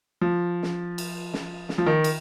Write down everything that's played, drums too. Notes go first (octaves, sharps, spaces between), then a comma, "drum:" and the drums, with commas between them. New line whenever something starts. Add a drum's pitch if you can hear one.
F3
drum: snare
drum: cymbal
drum: snare
drum: snare
F3
D#3
drum: cymbal